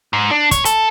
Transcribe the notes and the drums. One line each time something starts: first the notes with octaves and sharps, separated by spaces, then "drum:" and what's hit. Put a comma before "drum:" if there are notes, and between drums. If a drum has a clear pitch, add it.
G#2
D4
C#5, drum: kick, hi-hat
A4, drum: hi-hat